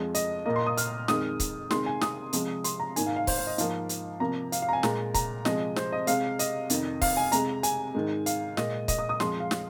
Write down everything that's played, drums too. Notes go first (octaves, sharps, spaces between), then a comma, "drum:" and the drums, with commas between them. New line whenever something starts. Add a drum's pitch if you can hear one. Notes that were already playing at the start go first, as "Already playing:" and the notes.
Already playing: F2 F3 G#3
D#5, drum: hi-hat
A#2 A#3 D#5
C6
D#6
F6, drum: hi-hat
F2 D#3 G#3 D#6, drum: snare
drum: kick, hi-hat
C3 D#3 G#3 C6, drum: snare
G#5
D#6, drum: snare
C3 F3 G#3, drum: hi-hat
C6, drum: hi-hat
A#5
G#2 D#3 A#3 G#5, drum: hi-hat
F5
F5
C5, drum: kick, open hi-hat
C5
D#5
G#2 F3 A#3 F5, drum: hi-hat
drum: hi-hat
C3 F3 A#3 A#5
F5, drum: hi-hat
F5
A#5
G#5
A#2 G#3 A#5, drum: snare
A#5, drum: kick, hi-hat
C3 F3 G#3 D#5, drum: snare
C5, drum: snare
D#5
C3 G#3 F5, drum: hi-hat
D#5, drum: hi-hat
F2 C3 D#3, drum: hi-hat
F5, drum: kick, open hi-hat
G#5
C3 G#3 A#5, drum: hi-hat
G#5, drum: hi-hat
G#2 D#3 G#3
F5, drum: hi-hat
A#2 G#3 D#5, drum: snare
D#5, drum: kick, hi-hat
D#6
D#6
F2 F3 G#3 C6, drum: snare
F5
drum: snare